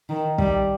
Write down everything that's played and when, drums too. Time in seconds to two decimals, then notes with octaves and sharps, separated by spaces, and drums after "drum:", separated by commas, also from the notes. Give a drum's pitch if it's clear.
0.09 D#3
0.38 G3, drum: kick